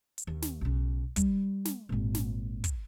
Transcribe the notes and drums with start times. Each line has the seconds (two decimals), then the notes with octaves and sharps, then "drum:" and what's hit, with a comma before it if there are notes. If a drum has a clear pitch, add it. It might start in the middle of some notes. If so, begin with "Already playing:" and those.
0.18 drum: hi-hat
0.27 D#2
0.42 drum: snare
0.61 B1 C#3
1.16 G3, drum: kick, hi-hat
1.65 drum: snare
1.89 G#1 A#2
2.15 drum: snare
2.64 drum: kick, hi-hat